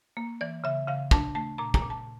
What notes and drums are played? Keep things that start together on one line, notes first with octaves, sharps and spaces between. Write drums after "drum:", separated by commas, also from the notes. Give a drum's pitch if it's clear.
A#3
E3 D5
C#3 E5
C#3 F5
D4 A5, drum: kick
A3 A5
A#2 A#5
A#5, drum: kick
A#2
A5